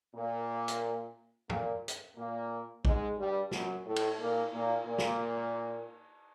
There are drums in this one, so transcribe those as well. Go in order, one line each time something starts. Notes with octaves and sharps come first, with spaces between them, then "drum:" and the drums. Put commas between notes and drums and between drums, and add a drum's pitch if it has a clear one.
A#2 A#3
drum: hi-hat
A#2 A#3, drum: tom
drum: hi-hat
A#2 A#3
G#2 G#3, drum: kick
G2 G3
F#2 F#3, drum: snare
A2 A3
drum: cymbal
A#2 A#3
A#2 A#3
A#2 A#3
drum: snare